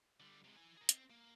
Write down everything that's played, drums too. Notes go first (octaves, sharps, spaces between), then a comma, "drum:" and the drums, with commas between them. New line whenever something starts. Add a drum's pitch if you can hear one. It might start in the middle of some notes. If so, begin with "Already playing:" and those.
D3 G3
C3 G#3
E4 G#5
G#4 A#4
C4, drum: hi-hat
A#3